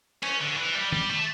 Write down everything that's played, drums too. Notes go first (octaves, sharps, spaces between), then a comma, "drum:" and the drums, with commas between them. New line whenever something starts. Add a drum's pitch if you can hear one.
C#4, drum: cymbal
D3
E3
G3
G3, drum: tom D#3
A3